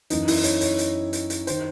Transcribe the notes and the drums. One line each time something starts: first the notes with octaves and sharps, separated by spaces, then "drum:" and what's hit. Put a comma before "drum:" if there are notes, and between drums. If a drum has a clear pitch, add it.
F#2 E3 D#4, drum: hi-hat
E4, drum: open hi-hat
C#5, drum: hi-hat
C#5, drum: hi-hat
drum: hi-hat
drum: hi-hat
drum: hi-hat
D#3 C5, drum: hi-hat